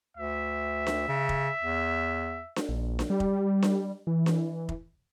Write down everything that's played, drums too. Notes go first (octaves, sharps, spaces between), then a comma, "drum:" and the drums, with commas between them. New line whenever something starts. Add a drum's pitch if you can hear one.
D2 E5
drum: snare D4
C#3
drum: kick F1
E2
drum: snare D4
A#1
drum: snare D4
G3
drum: kick F1
drum: snare D4
E3
drum: snare D4
drum: kick F1